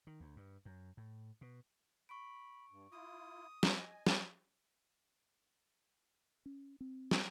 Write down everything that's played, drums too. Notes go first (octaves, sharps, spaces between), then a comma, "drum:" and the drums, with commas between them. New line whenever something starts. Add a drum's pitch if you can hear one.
D#3
D2
G2
F#2
A2
B2
B5 C#6 D7
G2
E4 F4 D#6
drum: snare
D#5 G#5
drum: snare
C#4
C4
drum: snare